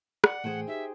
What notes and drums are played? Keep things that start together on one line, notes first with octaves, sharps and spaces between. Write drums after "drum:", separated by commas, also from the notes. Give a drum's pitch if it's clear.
D5 F#5, drum: rim click
A2 E3 A3 G#4 C5 G5
D#4 G4 E5